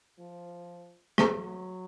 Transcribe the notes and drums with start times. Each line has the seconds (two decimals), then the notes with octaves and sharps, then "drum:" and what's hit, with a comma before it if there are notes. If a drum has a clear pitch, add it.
0.19 F3
1.18 drum: rim click
1.28 F#3